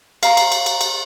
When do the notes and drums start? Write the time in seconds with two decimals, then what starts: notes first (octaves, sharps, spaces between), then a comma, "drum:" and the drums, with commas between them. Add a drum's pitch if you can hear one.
0.23 F5 A#5 C#6, drum: cymbal
0.37 drum: cymbal
0.52 drum: cymbal
0.66 drum: cymbal
0.81 drum: cymbal